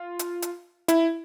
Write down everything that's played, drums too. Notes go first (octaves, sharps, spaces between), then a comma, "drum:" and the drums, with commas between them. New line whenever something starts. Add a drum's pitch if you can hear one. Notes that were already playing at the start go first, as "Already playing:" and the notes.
Already playing: F4
drum: hi-hat
drum: hi-hat
E4, drum: hi-hat